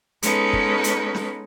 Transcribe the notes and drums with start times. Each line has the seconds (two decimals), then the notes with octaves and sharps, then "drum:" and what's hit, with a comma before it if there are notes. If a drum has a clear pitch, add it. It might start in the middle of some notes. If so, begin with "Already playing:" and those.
0.23 G#3 B3 C#4 D#4 A4 B4, drum: hi-hat
0.53 drum: kick
0.84 drum: hi-hat
1.15 drum: snare